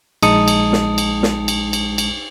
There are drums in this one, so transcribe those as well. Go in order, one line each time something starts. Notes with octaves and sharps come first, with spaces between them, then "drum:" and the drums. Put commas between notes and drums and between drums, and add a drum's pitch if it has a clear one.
A#1 G#3 D#4 A5 D#6 C#7, drum: cymbal
drum: cymbal
drum: snare
drum: cymbal
drum: snare
drum: cymbal
drum: cymbal
drum: cymbal